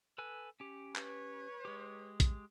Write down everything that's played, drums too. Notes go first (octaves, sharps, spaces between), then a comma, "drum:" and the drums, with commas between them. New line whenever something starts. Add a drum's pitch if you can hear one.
A4 B4 G#5
C#4 G4
B4 C#5, drum: clap
G#3 G4
drum: kick A#1, hi-hat